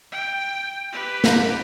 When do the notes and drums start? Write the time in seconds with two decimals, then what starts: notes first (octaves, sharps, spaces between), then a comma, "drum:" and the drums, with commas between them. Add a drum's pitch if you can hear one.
0.12 G5
0.93 G4 B4
1.24 drum: snare